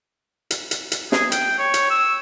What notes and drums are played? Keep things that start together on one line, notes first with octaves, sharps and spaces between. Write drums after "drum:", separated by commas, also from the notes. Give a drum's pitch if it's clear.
drum: hi-hat
drum: hi-hat
drum: hi-hat
G#4, drum: snare
G5, drum: hi-hat
C#5
drum: hi-hat
E6